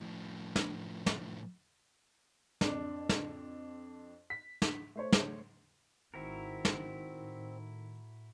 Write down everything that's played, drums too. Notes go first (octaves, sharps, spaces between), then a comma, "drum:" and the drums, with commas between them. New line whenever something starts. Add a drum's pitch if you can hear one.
A2 F3
drum: snare
drum: snare
F2 D4, drum: snare
drum: snare
B6
drum: snare
A3 C5 C#5
drum: snare
G#1 D#3 C4 E4 F#4 A#4
drum: snare
A2